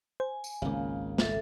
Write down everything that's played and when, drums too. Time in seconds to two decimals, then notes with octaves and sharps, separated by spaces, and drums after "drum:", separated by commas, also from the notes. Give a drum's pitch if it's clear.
0.20 C5 G#5
0.44 drum: tambourine
0.62 G#1 C#2 C#3 A#3
1.18 A4 E5, drum: snare